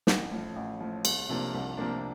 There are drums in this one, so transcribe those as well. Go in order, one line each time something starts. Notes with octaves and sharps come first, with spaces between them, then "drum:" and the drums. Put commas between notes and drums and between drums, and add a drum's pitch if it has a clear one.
A1, drum: snare
A2 F3
A1
A2 F3
C2, drum: cymbal
C3 F3 A#3 D4
C2
C3 F3 A#3 D4